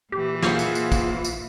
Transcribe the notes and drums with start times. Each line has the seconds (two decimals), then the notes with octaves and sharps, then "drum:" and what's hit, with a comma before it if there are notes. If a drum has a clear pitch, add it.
0.12 A#2 E3 G4
0.42 A#3 F4 G#4 C5 F#5, drum: snare
0.59 drum: tambourine
0.75 drum: tambourine
0.92 drum: kick, tambourine
1.24 drum: tambourine